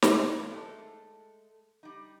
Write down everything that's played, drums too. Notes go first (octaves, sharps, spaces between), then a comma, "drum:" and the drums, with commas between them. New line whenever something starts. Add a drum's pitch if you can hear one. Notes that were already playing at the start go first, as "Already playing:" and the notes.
A2 F3 F#3 G#3, drum: snare
A2 E3 F3 G3 A#3
G#3 A3 E4 A4
G3 D#4